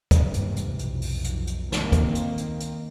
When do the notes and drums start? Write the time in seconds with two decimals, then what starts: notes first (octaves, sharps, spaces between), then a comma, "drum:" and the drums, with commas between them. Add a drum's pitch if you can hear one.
0.11 drum: kick, hi-hat
0.24 G1 D#2 G#2 C3 E3
0.34 drum: hi-hat
0.56 drum: hi-hat
0.79 B1 F2, drum: hi-hat
1.02 drum: open hi-hat
1.24 drum: hi-hat
1.47 drum: hi-hat
1.72 D#3 A#3 C4, drum: snare
1.92 drum: kick, hi-hat
2.15 drum: hi-hat
2.38 drum: hi-hat
2.60 drum: hi-hat